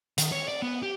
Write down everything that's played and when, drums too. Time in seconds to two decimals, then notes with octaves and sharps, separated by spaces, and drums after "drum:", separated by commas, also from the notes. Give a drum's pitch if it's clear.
0.18 D#3, drum: hi-hat
0.32 C#5
0.48 D5
0.62 B3
0.83 G4